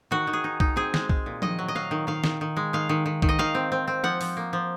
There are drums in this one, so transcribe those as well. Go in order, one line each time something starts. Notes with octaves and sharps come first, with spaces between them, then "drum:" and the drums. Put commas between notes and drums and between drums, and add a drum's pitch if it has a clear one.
D#3 F#4
D#3
G#4
D#4
D#4, drum: kick
C4 G#4
G#3, drum: snare
G#3, drum: kick
A#2
D#3 D#5, drum: tom F3
F#3
D#5
F#3 F5
D#3
D#3 F5
D#3, drum: snare
D#3
G#3
D#3 F5
D#3
D#3
D#3, drum: kick
D#5
D#3 F5
C4
C4
C4
F3 F#5
F3, drum: open hi-hat
A#3
F3